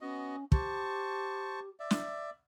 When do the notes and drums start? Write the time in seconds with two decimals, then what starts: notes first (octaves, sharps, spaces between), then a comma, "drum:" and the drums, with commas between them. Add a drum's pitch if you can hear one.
0.01 B3 C#4 F#4 D#5
0.52 G4 C5 A5 C#6, drum: kick
1.80 D5 E5
1.91 drum: snare